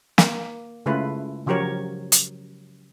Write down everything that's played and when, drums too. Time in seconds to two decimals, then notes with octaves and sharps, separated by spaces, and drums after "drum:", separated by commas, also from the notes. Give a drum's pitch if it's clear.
0.18 A#3, drum: snare
0.86 C#3 G#3 A3 E4 F4 B4
1.46 C#3 F3 F#3 G4 A#4 C#5
2.12 drum: hi-hat